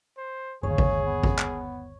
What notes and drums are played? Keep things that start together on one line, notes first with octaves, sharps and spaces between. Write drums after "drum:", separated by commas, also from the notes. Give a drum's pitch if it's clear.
C5
G1 D#2 C#3 G#4 C#5
drum: kick G#1
B3
drum: kick G#1
drum: clap